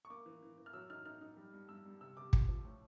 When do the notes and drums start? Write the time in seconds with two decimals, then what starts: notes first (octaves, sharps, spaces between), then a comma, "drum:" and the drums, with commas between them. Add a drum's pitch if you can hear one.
0.05 C#6
0.10 A#3 D6
0.26 E3
0.42 E3
0.58 E3
0.66 F6
0.73 F#3 E6
0.90 D#4 F6
1.05 D#4 F6
1.21 D#4
1.37 G3
1.53 G2
1.69 G2 E6
1.86 G2
2.01 C3 E6
2.17 C3 D6
2.33 F3, drum: kick
2.48 F3
2.65 A2